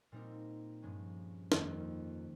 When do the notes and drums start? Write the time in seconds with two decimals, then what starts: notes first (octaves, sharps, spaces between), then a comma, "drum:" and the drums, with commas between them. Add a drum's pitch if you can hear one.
0.12 A#2 G3 C4 D#4 A#4
0.82 G2 F3 G#3 C#4
1.52 F2 D#3 G3 A#3, drum: snare